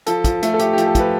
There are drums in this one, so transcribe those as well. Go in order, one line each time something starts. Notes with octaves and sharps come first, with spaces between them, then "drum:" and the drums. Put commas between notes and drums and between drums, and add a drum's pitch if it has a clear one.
F3 A4, drum: hi-hat
F3, drum: kick, hi-hat
A3, drum: hi-hat
A4
A3 G4, drum: hi-hat
G4
F3, drum: hi-hat
A4
F3 B4, drum: kick, hi-hat